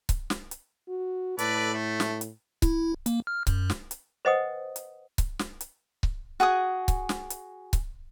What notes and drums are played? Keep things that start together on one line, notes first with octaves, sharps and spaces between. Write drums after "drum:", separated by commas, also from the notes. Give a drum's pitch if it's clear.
drum: kick C#1, hi-hat
drum: snare
drum: hi-hat
F#4
A2 A4 B4 D5, drum: hi-hat
A3
drum: snare
drum: hi-hat
E4, drum: kick C#1, hi-hat
A#3, drum: hi-hat
F6
F#2, drum: kick C#1, hi-hat
drum: snare
drum: hi-hat
B4 C5 D#5 F#5 G5 D#6
drum: hi-hat
drum: kick C#1, hi-hat
drum: snare
drum: hi-hat
drum: kick C#1
F#4 G#4 G#5 D#6
drum: kick C#1, hi-hat
drum: snare
drum: hi-hat
drum: kick C#1, hi-hat